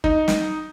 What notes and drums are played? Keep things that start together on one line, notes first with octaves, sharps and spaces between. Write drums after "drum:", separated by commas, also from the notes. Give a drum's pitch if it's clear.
D#4, drum: kick
drum: snare